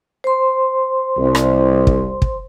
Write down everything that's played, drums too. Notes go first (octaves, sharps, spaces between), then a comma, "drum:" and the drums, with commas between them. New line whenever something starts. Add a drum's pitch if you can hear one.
C5 C6
C2
drum: rim click
drum: kick
drum: kick